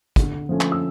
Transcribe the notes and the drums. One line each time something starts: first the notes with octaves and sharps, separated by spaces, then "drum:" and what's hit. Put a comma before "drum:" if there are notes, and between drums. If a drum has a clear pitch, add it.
D3, drum: kick, hi-hat
F3 A3 C#4
drum: clap
E6